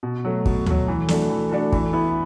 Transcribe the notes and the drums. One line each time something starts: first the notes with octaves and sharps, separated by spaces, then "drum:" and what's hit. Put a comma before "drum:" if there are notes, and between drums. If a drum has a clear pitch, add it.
B2
F#3 A3
B2, drum: kick
F#3 A3, drum: tom D2
E3
A3 D4 F#4 A4, drum: snare
E3
A3 D4 F#4 A4
E3, drum: kick
B3 E4